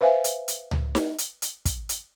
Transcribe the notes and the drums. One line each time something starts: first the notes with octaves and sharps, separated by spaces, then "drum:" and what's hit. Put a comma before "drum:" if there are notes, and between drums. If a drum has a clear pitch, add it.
B4 C5 E5 F5 G#5
drum: hi-hat
drum: hi-hat
drum: tom C#2
drum: snare D#4
drum: hi-hat
drum: hi-hat
drum: kick, hi-hat
drum: hi-hat